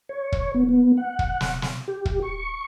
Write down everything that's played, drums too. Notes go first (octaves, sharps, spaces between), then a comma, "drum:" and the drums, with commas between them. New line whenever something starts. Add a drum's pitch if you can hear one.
C#5
drum: kick
B3
B3
F#5
drum: kick
drum: snare
drum: snare
G4
drum: kick
C#6